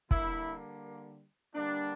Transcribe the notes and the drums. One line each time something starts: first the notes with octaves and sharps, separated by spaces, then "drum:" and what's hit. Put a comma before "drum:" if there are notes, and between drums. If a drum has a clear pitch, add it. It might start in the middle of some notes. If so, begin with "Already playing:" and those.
D3 G3 A#3 E4, drum: kick
D3 G3 A#3 D4